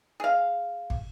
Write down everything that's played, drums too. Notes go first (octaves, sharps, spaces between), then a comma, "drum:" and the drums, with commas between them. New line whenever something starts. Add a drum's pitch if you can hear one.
G#4 F5
drum: kick